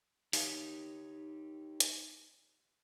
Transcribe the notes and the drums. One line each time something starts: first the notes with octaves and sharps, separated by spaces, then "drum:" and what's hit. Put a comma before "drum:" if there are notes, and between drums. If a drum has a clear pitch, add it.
D#4 G4 C#5, drum: open hi-hat
drum: hi-hat